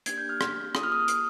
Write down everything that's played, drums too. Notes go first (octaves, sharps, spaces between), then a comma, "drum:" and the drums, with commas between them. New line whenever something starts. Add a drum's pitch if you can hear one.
A#3 D4 G4 G#6, drum: hi-hat
G6
F6
drum: rim click
A#3 F4 G#4 D#6, drum: rim click
F6
D#6
F6
D#6, drum: hi-hat